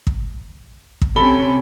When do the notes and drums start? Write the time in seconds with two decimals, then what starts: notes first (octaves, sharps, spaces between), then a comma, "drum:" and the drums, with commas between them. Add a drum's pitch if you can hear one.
0.07 drum: kick
1.02 drum: kick
1.16 C3 C#4 A4 B5 G7